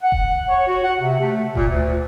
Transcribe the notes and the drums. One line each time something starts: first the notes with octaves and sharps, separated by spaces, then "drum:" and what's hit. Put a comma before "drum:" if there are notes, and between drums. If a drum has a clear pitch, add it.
F#5
drum: kick E1
C#5
F#4
F#5
C3
A3
A#2, drum: kick E1
D2